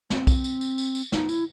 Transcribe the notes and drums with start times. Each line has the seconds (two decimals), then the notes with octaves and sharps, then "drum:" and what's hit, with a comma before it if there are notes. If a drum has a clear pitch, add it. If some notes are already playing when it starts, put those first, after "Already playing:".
0.10 C4, drum: snare
0.27 drum: kick, tambourine
0.44 drum: tambourine
0.61 drum: tambourine
0.78 drum: tambourine
0.95 drum: tambourine
1.12 D#4, drum: snare
1.29 E4, drum: tambourine